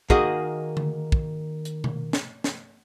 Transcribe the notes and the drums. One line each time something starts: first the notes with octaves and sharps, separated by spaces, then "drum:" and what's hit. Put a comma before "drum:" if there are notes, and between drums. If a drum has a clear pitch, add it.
D#3 A#3 F#4 G#4 D#5, drum: kick
drum: tom D3
drum: kick
drum: hi-hat
drum: tom B2
drum: snare
drum: snare